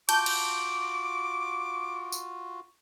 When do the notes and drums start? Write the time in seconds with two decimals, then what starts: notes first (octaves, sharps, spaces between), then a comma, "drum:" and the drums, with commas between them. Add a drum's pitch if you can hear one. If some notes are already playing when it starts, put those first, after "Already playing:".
0.09 F4 F#4 A5 D6 G6, drum: cymbal
0.26 drum: cymbal
2.12 drum: tambourine